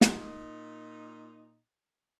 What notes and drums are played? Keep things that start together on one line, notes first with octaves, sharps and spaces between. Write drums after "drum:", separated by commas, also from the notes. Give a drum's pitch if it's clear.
A#2 D#4, drum: snare